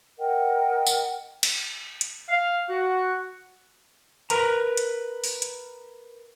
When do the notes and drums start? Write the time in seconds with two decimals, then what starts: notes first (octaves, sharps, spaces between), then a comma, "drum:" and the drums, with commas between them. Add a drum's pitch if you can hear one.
0.18 A#4 D#5 F#5 G5
0.87 drum: tambourine
1.43 drum: cymbal
2.01 drum: hi-hat
2.29 F5
2.69 F#4
4.30 A#4 B4 A#5, drum: hi-hat
4.77 drum: hi-hat
5.24 drum: open hi-hat
5.42 drum: hi-hat